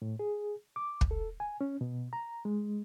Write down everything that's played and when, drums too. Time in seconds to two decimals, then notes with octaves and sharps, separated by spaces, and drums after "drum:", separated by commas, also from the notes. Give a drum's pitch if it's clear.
0.02 A2
0.19 G#4
0.76 D6
1.01 drum: kick
1.11 A4
1.40 G#5
1.61 C#4
1.81 B2
2.13 A#5
2.45 G#3